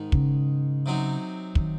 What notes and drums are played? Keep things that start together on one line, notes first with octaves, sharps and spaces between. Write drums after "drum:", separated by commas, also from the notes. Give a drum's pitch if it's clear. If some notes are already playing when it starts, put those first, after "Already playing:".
Already playing: G#2 D#3 D#4
C#3, drum: kick
C3 F#3 C4 D#4
C#3, drum: kick
D#3